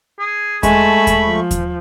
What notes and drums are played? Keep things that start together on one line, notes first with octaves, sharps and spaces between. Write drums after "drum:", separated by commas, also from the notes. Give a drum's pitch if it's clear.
G#4
G#3 A3 G#5 A5 B5 C#6, drum: kick D#2, hi-hat
drum: kick D#2, hi-hat
F3
drum: kick D#2, hi-hat